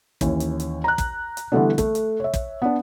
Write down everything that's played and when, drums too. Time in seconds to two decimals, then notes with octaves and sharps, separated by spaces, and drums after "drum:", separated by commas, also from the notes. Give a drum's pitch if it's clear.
0.21 D#2 E3 C#4 C#5, drum: kick, hi-hat
0.40 drum: hi-hat
0.60 drum: hi-hat
0.84 A#5 F#6
0.98 drum: kick, hi-hat
1.37 drum: hi-hat
1.52 D3 E3 G3 A3 B3 D4
1.78 A3, drum: kick, hi-hat
1.95 drum: hi-hat
2.20 C#5 E5
2.34 drum: kick, hi-hat
2.62 B3 D4